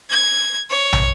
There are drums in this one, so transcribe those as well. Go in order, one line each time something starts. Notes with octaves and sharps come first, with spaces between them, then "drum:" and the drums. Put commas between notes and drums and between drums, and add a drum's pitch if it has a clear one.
G#6
C#5
drum: tom